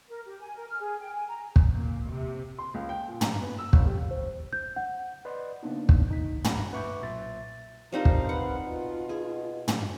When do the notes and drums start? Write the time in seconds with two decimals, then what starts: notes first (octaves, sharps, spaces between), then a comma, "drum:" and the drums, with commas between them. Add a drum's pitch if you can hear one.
0.08 A#4
0.25 G4
0.41 G#5
0.54 A#4
0.67 F6
0.79 G#4
1.00 G5
1.13 G#5
1.27 A#5
1.56 drum: kick
1.71 A#2
2.10 C3
2.59 C6
2.74 C#2
2.89 G5
3.08 A#2
3.21 A#5, drum: tom
3.41 B3
3.58 E6
3.73 G1, drum: kick
3.87 G3
4.11 C5
4.53 G6
4.76 F#5
5.25 B4 D5 D#5 F#5 C6
5.63 C#3 A#3 B3 D4 D#4
5.89 drum: kick
6.09 D#3 D#4 B6
6.44 F#5 A#5 B5, drum: tom
6.73 B4 E5 C#6 D6 G6
7.02 B1 A#2 E5 C6 A6
7.92 F3 G3 C4 D#4 A#4 F5
8.05 drum: kick
8.29 B4 F#5
8.67 B2 F4
9.09 G#4
9.68 drum: tom